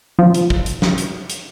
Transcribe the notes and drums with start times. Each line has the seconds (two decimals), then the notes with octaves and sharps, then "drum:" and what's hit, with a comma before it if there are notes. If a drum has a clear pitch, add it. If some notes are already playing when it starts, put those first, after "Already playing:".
0.19 F3
0.34 drum: hi-hat
0.50 drum: kick
0.66 drum: hi-hat
0.82 drum: snare
0.98 drum: hi-hat
1.30 drum: hi-hat